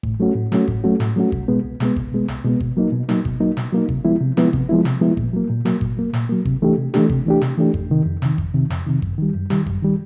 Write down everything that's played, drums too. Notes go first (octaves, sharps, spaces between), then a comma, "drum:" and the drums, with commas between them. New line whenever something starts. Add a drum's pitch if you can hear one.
A2, drum: kick G1
F#3 A3 C#4 F#4
A2
F#3 A3 C#4 F#4, drum: snare
A2, drum: kick G1
F#3 A3 C#4 F#4
A2, drum: snare
F#3 A3 C#4 F#4
C2, drum: kick G1
B2 G#3 B3
C2
B2 G#3 B3, drum: snare
C2, drum: kick G1
B2 G#3 B3
C2, drum: snare
B2 G#3 B3
B2, drum: kick G1
F#3 A#3 D#4
B2
F#3 A#3 D#4, drum: snare
B2, drum: kick G1
F#3 A#3 D#4
B2, drum: snare
F#3 A#3 D#4
C3, drum: kick G1
F3 G#3 B3 E4
C3
F3 G#3 B3 E4, drum: snare
C3, drum: kick G1
F3 G#3 B3 E4
C3, drum: snare
F3 G#3 B3 E4
A#2, drum: kick G1
F#3 A#3
A#2
F#3 A#3, drum: snare
A#2, drum: kick G1
F#3 A#3
A#2, drum: snare
F#3 A#3
C3, drum: kick G1
E3 A3 D4 G4
C3
E3 A3 D4 G4, drum: snare
C3, drum: kick G1
E3 A3 D4 G4
C3, drum: snare
E3 A3 D4 G4
F2, drum: kick G1
C3 D#3
F2
C3 D#3, drum: snare
F2, drum: kick G1
C3 D#3
F2, drum: snare
C3 D#3
F#2, drum: kick G1
D#3 G3
F#2
D#3 G3, drum: snare
F#2, drum: kick G1
D#3 G3